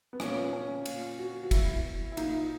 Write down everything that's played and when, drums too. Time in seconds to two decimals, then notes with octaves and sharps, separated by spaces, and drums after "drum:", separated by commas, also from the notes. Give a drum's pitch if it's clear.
0.13 B3
0.20 A#2 C#4, drum: rim click
0.53 C#4
0.86 A#2, drum: cymbal
1.18 F#4
1.43 F#4
1.51 B2 E4, drum: kick, cymbal
2.12 E4
2.17 A#2 D#4, drum: cymbal